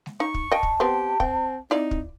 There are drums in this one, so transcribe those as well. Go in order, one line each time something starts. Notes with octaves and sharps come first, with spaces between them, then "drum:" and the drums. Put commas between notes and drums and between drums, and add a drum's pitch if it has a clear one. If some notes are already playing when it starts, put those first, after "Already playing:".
drum: snare G#3
D#4 C#6
drum: kick
D#5 G5 A5
drum: kick
B3 C4 G4
C4 G5, drum: kick
C4 D#4 E4 D5
drum: kick